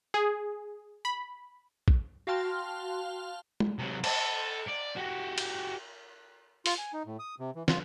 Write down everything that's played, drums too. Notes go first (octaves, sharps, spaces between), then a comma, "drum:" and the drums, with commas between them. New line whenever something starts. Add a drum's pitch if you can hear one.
G#4
B5
drum: kick
F#4 F5 G5 A5 C6 F6
drum: tom G#3
C3 F#3
A4, drum: cymbal
D5
F#4 G4
drum: cymbal
F4, drum: open hi-hat
G#5
D#4
A2
D#6
C3
E3
F4, drum: snare